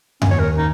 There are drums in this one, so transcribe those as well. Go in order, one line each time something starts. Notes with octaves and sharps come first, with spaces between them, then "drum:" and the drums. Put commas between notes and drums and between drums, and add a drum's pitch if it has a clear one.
D#2 D#3 C#4, drum: tom F#2
C#5
A#4
D#4